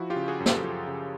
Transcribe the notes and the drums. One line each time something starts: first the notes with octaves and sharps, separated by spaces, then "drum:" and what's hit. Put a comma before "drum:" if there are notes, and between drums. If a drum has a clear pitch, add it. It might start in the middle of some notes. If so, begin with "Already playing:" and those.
Already playing: F3 E4 F#4
F4 G4
C#3
F#4 G#4
F#2
G4 A4, drum: snare
F3
C#3